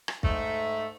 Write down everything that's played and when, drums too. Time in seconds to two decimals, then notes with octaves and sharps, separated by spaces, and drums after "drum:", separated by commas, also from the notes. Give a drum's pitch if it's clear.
0.08 drum: rim click
0.23 G#2 A3, drum: kick